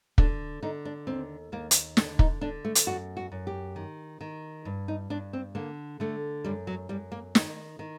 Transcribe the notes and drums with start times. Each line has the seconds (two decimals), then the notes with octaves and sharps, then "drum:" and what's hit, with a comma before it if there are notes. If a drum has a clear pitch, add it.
0.18 D3 D4, drum: kick
0.63 D3 D#4
0.85 D4
1.07 D#2 C4
1.52 D#2 A#3
1.71 drum: hi-hat
1.97 D3 D4, drum: snare
2.19 D#4, drum: kick
2.41 D3 D4
2.65 A3
2.75 drum: hi-hat
2.86 F#2 F#4
3.17 F#4
3.32 F#2
3.47 G4
3.76 D#3
4.21 D#3
4.65 G2
4.88 D#4
5.10 G2 D4
5.33 C4
5.55 D3 A#3
6.00 D3 A3
6.44 F#2 G3
6.67 F#3
6.89 F#2 G3
7.12 A#3
7.35 D#3, drum: snare
7.79 D#3